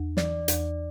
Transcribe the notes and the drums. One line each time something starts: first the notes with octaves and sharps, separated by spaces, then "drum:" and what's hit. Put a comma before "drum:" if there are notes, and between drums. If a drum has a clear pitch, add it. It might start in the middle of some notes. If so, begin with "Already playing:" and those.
Already playing: E2
E3 D5, drum: snare
E2, drum: hi-hat